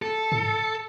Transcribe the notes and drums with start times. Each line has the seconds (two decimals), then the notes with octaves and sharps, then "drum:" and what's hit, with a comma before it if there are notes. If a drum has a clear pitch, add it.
0.02 A4
0.32 drum: tom G#2